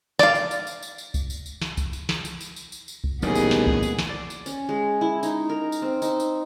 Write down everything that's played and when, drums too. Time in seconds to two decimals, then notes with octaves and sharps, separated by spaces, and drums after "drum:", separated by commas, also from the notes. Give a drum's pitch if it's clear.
0.19 D5 F5, drum: snare
0.35 drum: tambourine
0.51 drum: tambourine
0.67 drum: tambourine
0.83 drum: tambourine
0.98 drum: tambourine
1.14 drum: kick C2, tambourine
1.30 drum: tambourine
1.46 drum: tambourine
1.62 drum: snare
1.77 drum: kick C2, tambourine
1.93 drum: tambourine
2.09 drum: snare
2.25 drum: tambourine
2.41 drum: tambourine
2.56 drum: tambourine
2.72 drum: tambourine
2.88 drum: tambourine
3.04 drum: kick C2
3.22 A1 D#2 A#2 G3 B3 G#4, drum: tambourine
3.35 drum: tambourine
3.51 drum: snare
3.67 drum: kick C2
3.83 drum: tambourine
3.99 drum: snare
4.09 D5
4.30 drum: tambourine
4.46 C#4, drum: tambourine
4.69 G#3
5.01 E4
5.23 D#4, drum: tambourine
5.49 A#4
5.72 drum: tambourine
5.82 C4
6.02 D#4, drum: tambourine
6.20 drum: tambourine